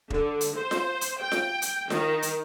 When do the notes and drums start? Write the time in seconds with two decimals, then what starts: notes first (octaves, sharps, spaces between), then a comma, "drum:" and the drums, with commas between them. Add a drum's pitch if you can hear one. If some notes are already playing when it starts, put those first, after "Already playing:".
0.10 D3, drum: kick E1
0.41 drum: hi-hat
0.56 C5
0.71 drum: snare F4
1.01 drum: hi-hat
1.20 G5
1.32 drum: snare F4
1.62 drum: hi-hat
1.90 D#3, drum: snare F4
2.22 drum: hi-hat